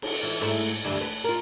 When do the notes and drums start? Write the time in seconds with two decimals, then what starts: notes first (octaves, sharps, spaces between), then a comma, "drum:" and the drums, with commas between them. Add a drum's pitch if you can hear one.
0.02 drum: cymbal
0.23 E3
0.41 G#2 A3 E4
0.85 D2 G2 E3
1.01 B4
1.24 F4 A#4